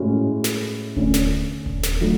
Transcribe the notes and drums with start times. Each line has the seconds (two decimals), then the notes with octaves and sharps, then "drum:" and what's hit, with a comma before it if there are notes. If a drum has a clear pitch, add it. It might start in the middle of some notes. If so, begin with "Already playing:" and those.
Already playing: A2 G#3 C#4 F#4
0.44 drum: snare
0.96 D3 A3 C#4, drum: kick D#1
1.14 drum: snare
1.66 drum: kick D#1
1.83 drum: snare
2.01 D3 F#3 A3 E4